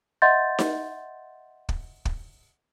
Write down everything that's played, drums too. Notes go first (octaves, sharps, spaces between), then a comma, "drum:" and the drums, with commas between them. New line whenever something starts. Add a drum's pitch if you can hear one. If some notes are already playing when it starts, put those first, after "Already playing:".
D#5 E5 F#5 C6 G6 A6
drum: snare D#4
drum: kick
drum: kick